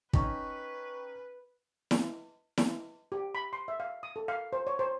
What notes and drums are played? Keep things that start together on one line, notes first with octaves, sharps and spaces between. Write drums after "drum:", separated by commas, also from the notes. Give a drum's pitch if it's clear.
C#4 D#4 B4 G5 C#6, drum: kick
drum: snare E4
drum: snare E4
G4
B5
C6
E5
F5
D#6
A4
F5
C5
C#5
C5